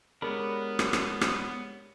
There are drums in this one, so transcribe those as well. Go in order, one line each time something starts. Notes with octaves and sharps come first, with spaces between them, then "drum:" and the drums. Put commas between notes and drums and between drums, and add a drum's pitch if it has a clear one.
G#3 B3 D4 G4 A#4 C#5 B5
drum: rim click
drum: rim click
drum: rim click